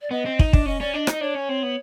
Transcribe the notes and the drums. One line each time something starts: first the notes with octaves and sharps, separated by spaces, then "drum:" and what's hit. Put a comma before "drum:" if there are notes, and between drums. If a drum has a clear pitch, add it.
D5
B3 D#5
C4
D#4, drum: kick
D4, drum: kick
C#4 D#5
C#4 D5
D4 D#5
D#4, drum: rim click
D4 C#5
C#4
C4
B3